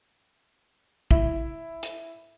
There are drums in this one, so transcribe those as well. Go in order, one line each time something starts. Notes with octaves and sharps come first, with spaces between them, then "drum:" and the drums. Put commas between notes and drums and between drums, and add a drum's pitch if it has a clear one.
E4, drum: kick
drum: hi-hat